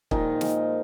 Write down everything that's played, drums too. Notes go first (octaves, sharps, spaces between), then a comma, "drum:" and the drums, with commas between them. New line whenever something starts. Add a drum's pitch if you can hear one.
A#2 D#3 F3 G#3 D#4, drum: kick
A#2 F3 G#3, drum: snare